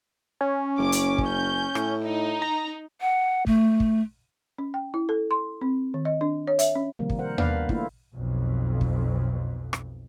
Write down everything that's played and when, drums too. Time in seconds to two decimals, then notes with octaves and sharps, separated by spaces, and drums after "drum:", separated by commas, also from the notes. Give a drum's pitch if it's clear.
0.41 C#4
0.78 F#1 D6
0.92 drum: hi-hat
1.18 drum: kick
1.28 G6
1.75 A2, drum: rim click
2.05 D#4
2.42 A#5
3.01 F#5
3.47 A3, drum: kick
3.80 drum: kick
4.58 C#4
4.74 G5
4.94 E4
5.09 A4
5.31 C6
5.61 C4
5.94 D#3
6.05 D#5
6.21 D4
6.47 C#5
6.59 E5, drum: hi-hat
6.75 C#4
6.99 C3 D#3 F3 G3 A#3
7.10 drum: kick
7.19 A#4 C5 F#5
7.38 A#3 B3 D4 B4 D5 F5, drum: tom D#2
7.69 A3 A#3 D4 E4 F4, drum: kick
8.15 B1 F2
8.81 drum: kick
9.73 drum: rim click